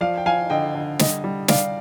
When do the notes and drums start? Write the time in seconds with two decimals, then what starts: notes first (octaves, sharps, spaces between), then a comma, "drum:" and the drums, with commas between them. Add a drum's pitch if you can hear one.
0.01 F3 D5 F5
0.17 G5
0.26 F3 F5 G#5
0.50 D3 D#5 G5
0.75 D3
1.00 G3 D#5, drum: snare
1.24 G3
1.48 G3 D5 F5, drum: snare